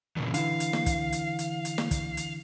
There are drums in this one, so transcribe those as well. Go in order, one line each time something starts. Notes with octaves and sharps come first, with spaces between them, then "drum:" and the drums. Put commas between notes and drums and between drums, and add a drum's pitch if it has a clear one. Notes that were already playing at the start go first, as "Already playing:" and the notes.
A#2 C#3 E3
D3 E3 F5, drum: hi-hat
drum: hi-hat
drum: snare
drum: kick, hi-hat
drum: hi-hat
drum: hi-hat
drum: hi-hat
drum: snare
drum: kick, hi-hat
drum: hi-hat